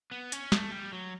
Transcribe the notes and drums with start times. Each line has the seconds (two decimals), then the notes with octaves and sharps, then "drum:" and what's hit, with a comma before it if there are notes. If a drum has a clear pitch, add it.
0.11 B3
0.32 C#4, drum: hi-hat
0.52 A3, drum: snare
0.72 G3
0.93 F#3